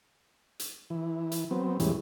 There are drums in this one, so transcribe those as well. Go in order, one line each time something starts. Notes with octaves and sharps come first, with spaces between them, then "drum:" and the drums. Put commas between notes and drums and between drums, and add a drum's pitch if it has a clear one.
drum: hi-hat
E3
drum: hi-hat
F#3 B3 C4
E2 A2 E3 G3 G#3 C#4, drum: hi-hat